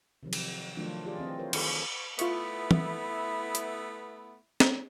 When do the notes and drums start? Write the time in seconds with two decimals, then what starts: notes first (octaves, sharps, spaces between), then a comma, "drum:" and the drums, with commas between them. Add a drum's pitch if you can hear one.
0.23 C3 D#3 F3 F#3
0.33 drum: cymbal
0.77 D#3 F3 F#3 A3 D4 F4
1.06 F4 G4 G#4 D5
1.19 E3 C4 D#5
1.39 F4 A#4 C5 C#5
1.53 D#3 F4 G#4 A4, drum: cymbal
2.19 A3 B3 E4 F4 C#6, drum: hi-hat
2.71 drum: tom
3.55 drum: hi-hat
4.60 drum: snare